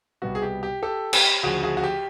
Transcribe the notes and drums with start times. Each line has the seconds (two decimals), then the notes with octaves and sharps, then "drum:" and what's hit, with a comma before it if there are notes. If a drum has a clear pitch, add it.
0.22 C2 B2 G3 B3 F#4
0.35 G#4
0.42 G4
0.63 G4
0.83 G4 A4
1.13 G4, drum: cymbal
1.43 D2 C#3 F3 F#4 G#4
1.63 F#4 G#4
1.77 F#4
1.83 G4